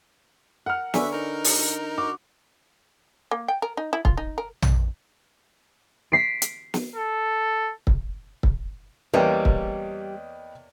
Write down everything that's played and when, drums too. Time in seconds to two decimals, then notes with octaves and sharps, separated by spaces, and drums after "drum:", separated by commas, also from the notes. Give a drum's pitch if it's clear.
0.66 A#4 F#5 F6
0.94 D3 C#4 B4 E5, drum: snare
1.13 D#4 A#4
1.44 drum: open hi-hat
1.98 F#4 D6
3.31 A#3
3.48 G5
3.62 A#4
3.77 D#4
3.93 E4
4.05 F4, drum: kick
4.17 D#4
4.38 A#4
4.62 drum: tom A#1
6.12 B6 C7 D7
6.42 drum: hi-hat
6.74 drum: snare
6.96 A4
7.87 drum: kick
8.43 drum: kick
9.14 E2 G3 A#3 C#4 B4 D#5 G5
9.45 drum: kick